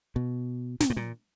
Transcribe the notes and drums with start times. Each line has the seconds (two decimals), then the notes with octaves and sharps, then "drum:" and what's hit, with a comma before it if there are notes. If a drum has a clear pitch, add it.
0.16 B2
0.80 A#2, drum: snare
0.90 A2
0.97 A#2